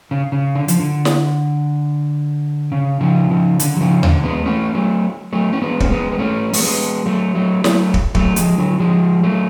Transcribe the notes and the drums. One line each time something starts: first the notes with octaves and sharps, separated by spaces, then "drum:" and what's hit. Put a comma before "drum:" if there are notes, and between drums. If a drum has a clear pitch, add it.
C#3
C#3
D3
F3, drum: hi-hat
D3
drum: snare
C#3
C#3 F3
C#3 F3
D3, drum: hi-hat
F#3
C#3 F3
D3, drum: tom D#2
G#3 B3
A3 C#4
F#3 A3
F#3 A3
C#4
G#3 B3
C#4, drum: kick
G#3 B3
B3
A3 C#4
A3, drum: open hi-hat
G#3 B3
F#3 A3
F#3 A3
F#3 A3, drum: snare
drum: kick
F#3 A3, drum: kick
F3 G#3, drum: hi-hat
D3 F#3
F3 G#3
F#3 A3